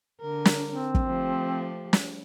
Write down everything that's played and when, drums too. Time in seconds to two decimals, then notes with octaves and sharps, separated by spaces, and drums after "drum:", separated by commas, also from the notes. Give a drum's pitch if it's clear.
0.21 D3 A#4
0.45 drum: snare
0.67 C4
0.95 drum: kick
1.06 F3 A3 G4
1.93 drum: snare